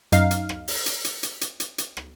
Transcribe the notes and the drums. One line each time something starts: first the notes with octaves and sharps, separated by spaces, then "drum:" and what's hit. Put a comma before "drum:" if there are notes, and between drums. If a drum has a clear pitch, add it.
F#2 D#4 F5, drum: hi-hat
drum: hi-hat
drum: rim click
drum: open hi-hat
drum: hi-hat
drum: hi-hat
drum: hi-hat
drum: hi-hat
drum: hi-hat
drum: hi-hat
drum: rim click